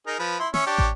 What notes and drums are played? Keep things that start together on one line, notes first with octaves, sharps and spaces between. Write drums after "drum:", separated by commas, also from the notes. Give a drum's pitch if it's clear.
D#4 G#4 A#4
F3 B4
E4 C6
C#4 E5 C#6, drum: snare
D4 G4 C#5
drum: kick